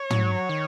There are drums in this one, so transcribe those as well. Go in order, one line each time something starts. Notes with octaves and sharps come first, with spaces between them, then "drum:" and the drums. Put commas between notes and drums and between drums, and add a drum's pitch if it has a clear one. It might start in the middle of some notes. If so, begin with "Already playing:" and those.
Already playing: C#5
F#3, drum: tom
D#3